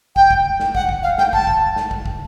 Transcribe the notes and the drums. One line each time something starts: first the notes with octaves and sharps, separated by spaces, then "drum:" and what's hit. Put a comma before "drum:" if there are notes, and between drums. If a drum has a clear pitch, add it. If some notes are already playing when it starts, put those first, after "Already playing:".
G5, drum: kick
drum: kick
drum: snare
F#5, drum: kick
drum: kick
F5
G5, drum: snare
A5, drum: kick
drum: kick
drum: snare
drum: kick
drum: kick